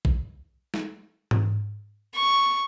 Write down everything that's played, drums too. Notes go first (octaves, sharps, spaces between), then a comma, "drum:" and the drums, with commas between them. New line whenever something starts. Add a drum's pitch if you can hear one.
drum: kick A#1
drum: snare
drum: tom G#2
C#6